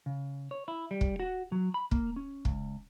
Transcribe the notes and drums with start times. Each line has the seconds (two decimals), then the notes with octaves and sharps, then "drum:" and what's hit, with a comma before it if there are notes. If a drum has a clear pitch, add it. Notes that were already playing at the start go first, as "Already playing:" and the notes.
0.06 C#3
0.51 C#5
0.68 E4
0.91 G3
1.01 drum: kick
1.20 F#4
1.52 F#3
1.74 B5
1.91 A#3, drum: kick
2.16 C#4
2.45 C#2, drum: kick